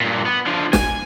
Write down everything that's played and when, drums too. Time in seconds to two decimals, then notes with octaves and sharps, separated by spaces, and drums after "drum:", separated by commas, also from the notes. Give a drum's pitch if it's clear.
0.01 G2 A#2
0.26 B3
0.47 D3 F3
0.73 G#5, drum: snare